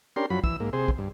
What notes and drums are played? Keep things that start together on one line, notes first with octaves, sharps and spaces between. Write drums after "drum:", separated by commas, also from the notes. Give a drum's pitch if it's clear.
C#4 D4 G4 A#4 C6
F#2 F3 F#3 B5
E3 E6, drum: kick
G#2 A#3
C3 G#4 C5
drum: kick
G2